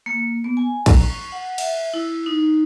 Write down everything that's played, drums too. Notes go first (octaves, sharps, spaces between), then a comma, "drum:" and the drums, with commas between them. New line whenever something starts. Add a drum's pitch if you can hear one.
A#3
B3
G#5
A#5, drum: kick, cymbal
C#6
F#5
E5, drum: cymbal
E4
D#4